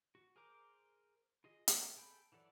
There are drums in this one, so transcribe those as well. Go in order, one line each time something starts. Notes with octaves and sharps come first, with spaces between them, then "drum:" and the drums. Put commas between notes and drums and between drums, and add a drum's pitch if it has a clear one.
F#4
G#4 A#4 C5 A#5 D6
F4 G#4 D#5
A#4, drum: hi-hat
G#4 A4 G5 B5
E3 F#3 A4 D5